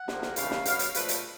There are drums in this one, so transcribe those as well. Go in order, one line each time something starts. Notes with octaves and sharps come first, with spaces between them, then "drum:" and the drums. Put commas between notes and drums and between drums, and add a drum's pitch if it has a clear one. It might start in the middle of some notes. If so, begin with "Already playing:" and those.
Already playing: F#5
D2 C3 F3 A#3, drum: snare
drum: snare
D#2 C#3 E3 A3 F5, drum: hi-hat
drum: snare
B2 F#3 B3 F5, drum: hi-hat
F5, drum: hi-hat
A#2 F3 A3 B4, drum: hi-hat
drum: hi-hat